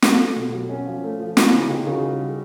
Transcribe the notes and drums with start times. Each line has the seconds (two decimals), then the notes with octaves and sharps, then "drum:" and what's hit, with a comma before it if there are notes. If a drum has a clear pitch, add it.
0.02 F#3 F4 G4, drum: snare
0.19 A3
0.36 B2
0.53 F#3
0.69 C#4
0.86 F3
1.04 A3
1.20 F3
1.37 E3 E4 F#4, drum: snare
1.53 C#3 D#4 F4
1.70 C#3 F4 G4
1.87 C#3 F#4 G#4
2.04 G3
2.21 G3